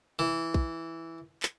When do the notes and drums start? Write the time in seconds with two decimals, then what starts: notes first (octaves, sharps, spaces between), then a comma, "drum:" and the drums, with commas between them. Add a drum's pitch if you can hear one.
0.19 E3
0.54 drum: kick
1.43 drum: clap